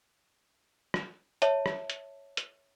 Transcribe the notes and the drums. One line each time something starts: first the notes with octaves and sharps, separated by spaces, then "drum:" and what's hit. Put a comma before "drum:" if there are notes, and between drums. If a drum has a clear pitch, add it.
drum: rim click
C#5 E5 A5, drum: hi-hat
drum: rim click
drum: hi-hat
drum: hi-hat